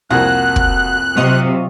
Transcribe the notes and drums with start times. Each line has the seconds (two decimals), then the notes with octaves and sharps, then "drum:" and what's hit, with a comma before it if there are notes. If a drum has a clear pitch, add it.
0.11 C2 F2 A#3 F#4 G#5 F#6
0.56 drum: kick
1.17 C3 F#3 F4 D#5 C#6